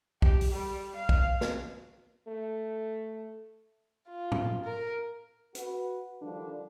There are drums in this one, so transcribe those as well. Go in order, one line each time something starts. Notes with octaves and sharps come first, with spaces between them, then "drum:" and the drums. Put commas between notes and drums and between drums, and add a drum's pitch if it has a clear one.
G4, drum: kick B1
drum: open hi-hat
G3
F5
drum: kick B1
drum: snare
A3
F4
drum: tom A2
A#4
F#4 B4, drum: hi-hat
D3 D#3 F3 G3 D4